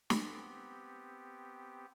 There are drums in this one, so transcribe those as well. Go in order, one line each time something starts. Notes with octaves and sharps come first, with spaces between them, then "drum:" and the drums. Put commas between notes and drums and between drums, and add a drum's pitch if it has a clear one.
B3 C4 G4, drum: snare